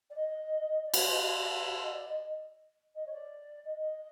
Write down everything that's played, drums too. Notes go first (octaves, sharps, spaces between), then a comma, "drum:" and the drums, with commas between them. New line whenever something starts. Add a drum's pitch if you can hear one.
D5
D#5
D5
C#5, drum: cymbal
D5
D#5
D5
D#5
D5
D#5
D#5
C#5
D5
D#5
D#5